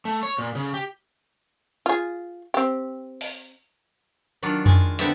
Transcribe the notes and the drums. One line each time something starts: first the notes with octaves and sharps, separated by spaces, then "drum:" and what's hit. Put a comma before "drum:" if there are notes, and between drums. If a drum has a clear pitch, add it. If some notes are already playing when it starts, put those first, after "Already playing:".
A3
C#5
A#2
C#3
G4
F4 G#4
C4 G4
drum: open hi-hat
D#3 F#3 D4 F4
G#3 G#5, drum: tom F2
D3 G3 B3 C4 D4 E5, drum: hi-hat